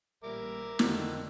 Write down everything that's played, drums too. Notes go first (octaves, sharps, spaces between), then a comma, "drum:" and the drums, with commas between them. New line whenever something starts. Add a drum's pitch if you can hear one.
A1 A#2 G3 A#4 E5 D6
F2 D3 D#3, drum: snare